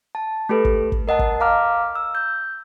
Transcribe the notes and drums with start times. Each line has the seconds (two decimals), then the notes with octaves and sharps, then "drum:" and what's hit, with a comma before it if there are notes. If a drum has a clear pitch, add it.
0.15 A5
0.49 A3 G4 A4 B4
0.65 drum: kick
0.92 drum: kick
1.08 A#4 D#5 F#5 A5
1.19 drum: kick
1.40 F5 A#5 D6 F6
1.95 E6
2.15 G6